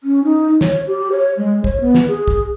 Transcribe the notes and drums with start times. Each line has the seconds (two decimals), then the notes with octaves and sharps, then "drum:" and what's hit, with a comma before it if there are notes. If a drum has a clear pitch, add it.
0.03 C#4
0.24 D#4
0.61 C#5, drum: snare
0.87 G4
1.12 C#5
1.37 G#3
1.64 C#5, drum: kick
1.80 B3
1.95 drum: snare
2.08 G#4
2.28 drum: kick